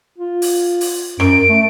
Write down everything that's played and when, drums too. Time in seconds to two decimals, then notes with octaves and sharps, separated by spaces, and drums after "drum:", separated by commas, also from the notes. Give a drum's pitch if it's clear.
0.18 F4
0.42 drum: open hi-hat
0.81 drum: open hi-hat
1.20 F#2 D7, drum: rim click
1.49 A3